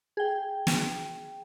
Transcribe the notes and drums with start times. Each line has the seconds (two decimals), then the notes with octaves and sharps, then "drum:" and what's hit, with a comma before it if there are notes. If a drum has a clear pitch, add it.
0.17 G#4 G5
0.67 drum: snare